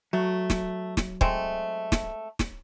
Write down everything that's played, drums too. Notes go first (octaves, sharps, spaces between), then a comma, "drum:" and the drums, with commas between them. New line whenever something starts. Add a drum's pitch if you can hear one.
F#3 A3
drum: snare
drum: snare
G#3 A3 C4, drum: kick
drum: snare
drum: snare